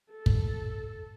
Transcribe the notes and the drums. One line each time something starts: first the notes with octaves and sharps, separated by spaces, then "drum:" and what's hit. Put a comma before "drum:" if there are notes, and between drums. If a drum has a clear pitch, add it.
A4
drum: kick